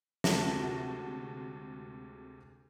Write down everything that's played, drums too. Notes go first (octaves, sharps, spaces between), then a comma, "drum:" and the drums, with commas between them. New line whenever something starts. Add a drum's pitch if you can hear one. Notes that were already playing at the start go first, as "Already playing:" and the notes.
D2 C3 G#3 F#4 A5 A#6, drum: snare